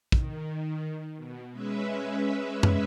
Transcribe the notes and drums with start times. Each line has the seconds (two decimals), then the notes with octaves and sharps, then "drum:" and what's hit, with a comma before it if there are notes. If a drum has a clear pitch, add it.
0.12 D#3, drum: kick
1.17 B2
1.52 G#3 C#4 B4 E5
2.63 drum: tom F#2